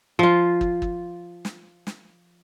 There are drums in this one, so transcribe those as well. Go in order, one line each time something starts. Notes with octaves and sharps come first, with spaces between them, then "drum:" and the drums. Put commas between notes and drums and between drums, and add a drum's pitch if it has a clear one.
F3 F4
drum: kick
drum: kick
drum: snare
drum: snare